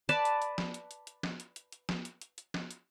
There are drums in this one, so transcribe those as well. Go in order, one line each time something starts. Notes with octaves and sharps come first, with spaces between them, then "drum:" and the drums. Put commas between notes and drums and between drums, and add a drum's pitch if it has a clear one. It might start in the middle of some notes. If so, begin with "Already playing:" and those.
B4 D5 A5, drum: hi-hat
drum: hi-hat
drum: hi-hat
drum: snare
drum: hi-hat
drum: hi-hat
drum: hi-hat
drum: snare
drum: hi-hat
drum: hi-hat
drum: hi-hat
drum: snare
drum: hi-hat
drum: hi-hat
drum: hi-hat
drum: snare
drum: hi-hat